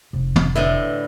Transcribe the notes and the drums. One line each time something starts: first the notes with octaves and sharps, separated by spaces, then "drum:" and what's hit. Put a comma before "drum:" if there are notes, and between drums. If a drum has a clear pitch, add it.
F1
drum: tom
A2 D3 B4 D#5 E5